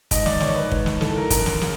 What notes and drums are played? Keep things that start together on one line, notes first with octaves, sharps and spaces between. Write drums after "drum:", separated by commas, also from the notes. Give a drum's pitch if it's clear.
G#2 D#5, drum: kick, hi-hat
D5, drum: snare
D#3 C#5, drum: snare
B4
G#2, drum: kick
drum: snare
E3 A4, drum: snare
A#4
F#2 A#4, drum: kick, hi-hat
drum: snare
C#3, drum: snare